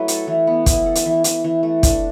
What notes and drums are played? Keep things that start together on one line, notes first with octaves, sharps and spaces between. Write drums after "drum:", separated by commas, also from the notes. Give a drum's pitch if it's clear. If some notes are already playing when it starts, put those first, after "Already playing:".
Already playing: F#3 A3 E4 B4
A4, drum: hi-hat
E3
B3
E4, drum: kick, hi-hat
A4
drum: hi-hat
E3
E3, drum: hi-hat
E3
A3
D4, drum: kick, hi-hat